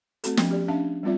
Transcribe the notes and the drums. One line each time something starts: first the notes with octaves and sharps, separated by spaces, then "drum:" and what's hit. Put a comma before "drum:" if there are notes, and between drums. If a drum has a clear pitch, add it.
A3 C4 F#4 A4, drum: hi-hat
F3 B3 C#4, drum: snare
G4 D5
C#4 D4 E5 F5 A5
G3 A3 C4 F4 D5 E5